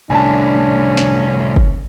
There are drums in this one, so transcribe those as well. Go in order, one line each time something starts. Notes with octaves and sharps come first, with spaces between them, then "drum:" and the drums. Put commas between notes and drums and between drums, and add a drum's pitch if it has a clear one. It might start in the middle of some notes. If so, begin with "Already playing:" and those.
C2 A3 C#4 D4 G#5 A5
drum: snare
drum: kick